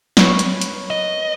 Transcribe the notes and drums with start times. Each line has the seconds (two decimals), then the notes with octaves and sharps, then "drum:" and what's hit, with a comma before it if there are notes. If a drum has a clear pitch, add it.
0.17 A#4 B4 C#5, drum: snare
0.39 drum: hi-hat
0.61 drum: hi-hat
0.90 D#5